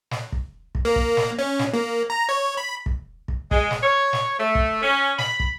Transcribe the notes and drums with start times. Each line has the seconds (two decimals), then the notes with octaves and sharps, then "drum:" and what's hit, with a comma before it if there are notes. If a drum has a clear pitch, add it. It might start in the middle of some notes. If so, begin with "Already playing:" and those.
0.11 drum: snare
0.32 drum: kick
0.75 drum: kick
0.85 A#3
0.96 drum: kick
1.17 drum: snare
1.39 C#4
1.59 drum: snare
1.73 A#3
2.10 A#5
2.29 C#5
2.57 B5
2.86 drum: kick
3.28 drum: kick
3.51 G#3, drum: kick
3.71 drum: snare
3.83 C#5
4.13 drum: snare
4.39 A3
4.55 drum: kick
4.82 C#4
5.19 B5, drum: snare
5.40 drum: kick